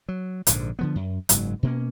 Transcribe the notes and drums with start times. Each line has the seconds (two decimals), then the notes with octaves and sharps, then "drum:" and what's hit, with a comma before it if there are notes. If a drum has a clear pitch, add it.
0.08 F#3
0.47 A#1 G#2 D3 F3, drum: hi-hat
0.79 D3 F3 B3
0.95 F#2
1.29 F#1 G#2 F#3, drum: hi-hat
1.63 B2 A#3 C#4